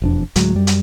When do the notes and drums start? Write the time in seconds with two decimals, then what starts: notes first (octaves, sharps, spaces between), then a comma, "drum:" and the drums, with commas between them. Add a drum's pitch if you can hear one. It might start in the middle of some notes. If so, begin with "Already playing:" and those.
0.02 E1 F2 D4
0.36 D2 A2 F#3 G#3, drum: hi-hat
0.55 F#2 G3
0.67 drum: hi-hat